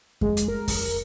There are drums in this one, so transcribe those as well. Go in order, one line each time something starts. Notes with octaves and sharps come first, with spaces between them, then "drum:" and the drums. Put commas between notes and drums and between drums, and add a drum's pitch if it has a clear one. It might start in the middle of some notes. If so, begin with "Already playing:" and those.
G#3, drum: kick F2
drum: hi-hat
A#4
drum: kick F2, open hi-hat